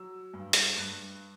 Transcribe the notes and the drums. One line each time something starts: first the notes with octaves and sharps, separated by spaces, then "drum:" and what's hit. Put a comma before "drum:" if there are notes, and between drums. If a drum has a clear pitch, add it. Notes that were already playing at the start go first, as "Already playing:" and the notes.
Already playing: F#3 E6
G2
drum: hi-hat
G2 F#6